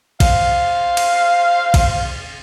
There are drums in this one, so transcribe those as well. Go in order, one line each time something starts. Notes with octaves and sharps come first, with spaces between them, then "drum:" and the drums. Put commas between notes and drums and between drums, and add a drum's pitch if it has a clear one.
C5 F5, drum: kick, cymbal
drum: cymbal
drum: kick, cymbal